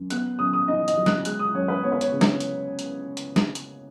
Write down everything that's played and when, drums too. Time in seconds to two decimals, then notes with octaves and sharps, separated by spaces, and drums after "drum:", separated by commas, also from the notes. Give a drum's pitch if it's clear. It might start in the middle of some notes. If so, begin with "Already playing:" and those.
Already playing: F#2
0.10 B3 F#6, drum: hi-hat
0.39 F#2 D#6
0.53 D#6
0.68 D#4 D#5
0.88 D#5, drum: hi-hat
0.97 F#3
1.06 F#6, drum: snare
1.25 G#3 F#6, drum: hi-hat
1.39 D#6
1.54 F#2 C#5
1.68 B4
1.83 B3 C#5
1.92 B4
2.01 C#5, drum: hi-hat
2.12 C#3
2.21 drum: snare
2.40 drum: hi-hat
2.79 drum: hi-hat
3.17 drum: hi-hat
3.36 drum: snare
3.55 drum: hi-hat